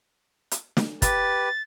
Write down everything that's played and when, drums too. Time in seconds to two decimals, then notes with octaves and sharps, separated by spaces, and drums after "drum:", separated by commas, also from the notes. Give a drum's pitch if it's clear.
0.51 drum: hi-hat
0.77 drum: snare
1.02 G4 B4 A6, drum: kick, hi-hat